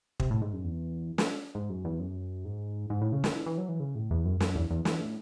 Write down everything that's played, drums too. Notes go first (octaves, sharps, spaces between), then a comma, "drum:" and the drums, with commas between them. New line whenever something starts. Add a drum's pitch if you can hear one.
C3, drum: kick
A2
G#2
F#2
E2
drum: snare
G#2
F#2
E2
F#2
G#2
G#2
A2
C#3
D#3, drum: snare
E3
E3
F#3
E3
C#3
A2
E2
F#2
F#2, drum: snare
E2
E2
E2, drum: snare
A2